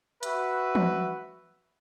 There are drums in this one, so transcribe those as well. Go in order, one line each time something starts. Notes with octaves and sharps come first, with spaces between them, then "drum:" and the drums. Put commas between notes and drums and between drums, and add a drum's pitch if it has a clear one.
F#4 B4 E5, drum: hi-hat
drum: tom E3